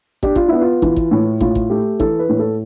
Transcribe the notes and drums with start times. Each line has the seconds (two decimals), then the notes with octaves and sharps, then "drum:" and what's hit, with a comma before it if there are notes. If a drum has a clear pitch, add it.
0.23 D4 G4, drum: kick
0.36 F4, drum: kick
0.48 B3 E4
0.61 F4
0.82 E3, drum: kick
0.97 drum: kick
1.11 A2
1.41 A2 F4, drum: kick
1.55 drum: kick
1.70 A3 G4
2.00 E3 A4, drum: kick
2.19 B4
2.29 A2
2.39 A4